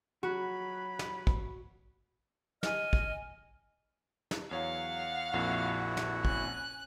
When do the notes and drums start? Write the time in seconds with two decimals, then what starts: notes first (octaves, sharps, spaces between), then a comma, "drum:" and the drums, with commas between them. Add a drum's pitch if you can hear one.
0.23 F#3 F#4 B5
0.99 drum: snare
1.27 drum: kick
2.63 D#5 G#5 F6, drum: snare
2.93 drum: kick
4.31 drum: snare
4.51 E2 F#3 C#5 F5 F#5
5.33 A#1 F2 A#2 E4 F#4
5.97 drum: snare
6.25 C#4 F#6, drum: kick